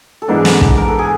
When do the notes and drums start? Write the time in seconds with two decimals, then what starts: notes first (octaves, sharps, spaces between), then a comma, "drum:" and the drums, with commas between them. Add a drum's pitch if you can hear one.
0.22 A4
0.28 G#2 E3 G#3 B3 D4 A#4
0.45 drum: snare
0.61 drum: kick
0.77 A#4
0.88 A4
0.99 G#4